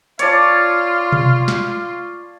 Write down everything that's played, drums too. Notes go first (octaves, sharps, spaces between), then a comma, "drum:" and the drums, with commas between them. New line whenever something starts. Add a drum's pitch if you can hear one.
F4 C#5 D5 A5, drum: hi-hat
drum: tom B2
drum: snare